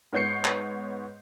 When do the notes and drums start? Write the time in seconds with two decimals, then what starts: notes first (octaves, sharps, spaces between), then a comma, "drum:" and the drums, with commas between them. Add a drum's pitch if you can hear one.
0.13 G#2 B3 C#5 G6 C7 C#7
0.45 drum: clap